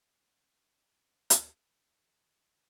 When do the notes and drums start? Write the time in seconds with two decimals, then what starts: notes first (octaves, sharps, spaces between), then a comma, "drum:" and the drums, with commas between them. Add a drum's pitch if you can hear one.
0.20 C#3 C5
1.08 C5
1.30 drum: hi-hat
1.52 A#4
1.96 D#3 A4
2.26 D#3